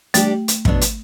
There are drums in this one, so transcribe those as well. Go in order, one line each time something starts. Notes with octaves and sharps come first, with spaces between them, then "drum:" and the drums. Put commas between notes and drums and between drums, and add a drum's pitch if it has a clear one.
G3 A3 D4 G4 D5, drum: hi-hat
drum: hi-hat
B2 F#3 B3 D4, drum: kick
drum: hi-hat